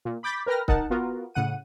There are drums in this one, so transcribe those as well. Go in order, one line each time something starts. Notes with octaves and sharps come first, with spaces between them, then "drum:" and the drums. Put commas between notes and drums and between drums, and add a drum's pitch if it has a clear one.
A#2
B5 D6 G6 A6 B6
A#4 B4 G5 F6 A#6
D#4 A#4 F#5 A5, drum: kick C#1
B3 F4 F#4 A#4
A2 C#3 F#5 D#7